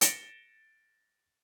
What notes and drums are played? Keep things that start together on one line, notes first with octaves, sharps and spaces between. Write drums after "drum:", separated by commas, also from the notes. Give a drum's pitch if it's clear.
A6 A#6 C#7 D7 E7 G7, drum: hi-hat